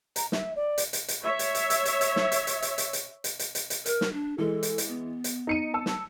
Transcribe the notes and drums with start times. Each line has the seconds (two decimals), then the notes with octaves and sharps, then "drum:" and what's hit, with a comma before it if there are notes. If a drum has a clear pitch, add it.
0.16 A#5, drum: hi-hat
0.32 E5, drum: snare
0.55 D5
0.78 drum: hi-hat
0.93 drum: hi-hat
1.08 drum: hi-hat
1.23 C#5 E5
1.39 drum: hi-hat
1.55 drum: hi-hat
1.70 drum: hi-hat
1.85 drum: hi-hat
2.01 drum: hi-hat
2.16 drum: snare
2.32 drum: hi-hat
2.47 drum: hi-hat
2.62 drum: hi-hat
2.78 drum: hi-hat
2.93 drum: hi-hat
3.24 drum: hi-hat
3.39 drum: hi-hat
3.55 drum: hi-hat
3.70 drum: hi-hat
3.86 A#4, drum: hi-hat
4.01 drum: snare
4.13 D4
4.38 E3 G#3 A4
4.63 drum: hi-hat
4.78 drum: hi-hat
4.88 B3
5.24 drum: hi-hat
5.47 D#4 C#7 D#7
5.74 A5 E6
5.86 drum: snare